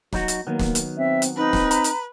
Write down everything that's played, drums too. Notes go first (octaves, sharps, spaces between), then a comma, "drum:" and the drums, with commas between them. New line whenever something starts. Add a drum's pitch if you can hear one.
F#3 D#4 F#4, drum: snare
drum: hi-hat
D#3 F#3 A#3 B3
drum: snare
drum: hi-hat
C4 E5
drum: hi-hat
C4 D#4 B4
drum: snare
A#5, drum: hi-hat
drum: hi-hat